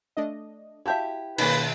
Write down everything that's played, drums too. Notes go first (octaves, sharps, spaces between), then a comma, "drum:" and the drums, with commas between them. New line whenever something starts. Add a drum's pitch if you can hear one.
A3 D4 D#5
E4 F#4 G4 E5 F5 A5 G6
B2 D#3 A#3 C#4 D#4 B4 B5, drum: cymbal